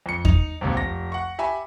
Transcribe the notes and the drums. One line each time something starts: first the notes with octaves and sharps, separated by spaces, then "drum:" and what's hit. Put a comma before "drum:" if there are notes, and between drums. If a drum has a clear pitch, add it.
F2 C#7
D#4 F7, drum: kick E2
G#1 D#2 C3
F1 A#6
F#5 C#6
G4 E5 G#5 B5